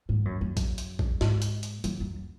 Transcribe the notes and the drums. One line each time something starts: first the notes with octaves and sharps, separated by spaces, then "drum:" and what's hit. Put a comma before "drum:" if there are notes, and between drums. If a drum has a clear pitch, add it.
G#2
F#2
F#2
drum: kick, hi-hat
drum: hi-hat
drum: kick
G#2, drum: snare
drum: hi-hat
drum: hi-hat
F#2, drum: hi-hat
F#2